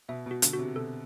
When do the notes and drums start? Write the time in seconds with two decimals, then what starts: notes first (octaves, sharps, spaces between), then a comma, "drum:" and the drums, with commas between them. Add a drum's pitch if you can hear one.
0.09 B2 E5
0.26 B2 F#4
0.42 D3, drum: hi-hat
0.53 F#4
0.59 C3
0.76 B2 A4